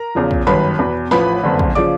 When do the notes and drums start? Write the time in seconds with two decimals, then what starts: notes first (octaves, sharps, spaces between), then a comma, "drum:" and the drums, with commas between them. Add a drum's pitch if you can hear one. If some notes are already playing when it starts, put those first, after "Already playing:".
Already playing: A#4 A#5
0.15 E2 C#3 F3
0.31 drum: kick
0.47 G1 F#2 D#3 B4 B5
0.79 E2 B2
1.11 A1 A2 F3 B4 B5, drum: snare
1.43 F#1 F2 D3
1.59 drum: kick
1.75 C#3 F3 D5 D6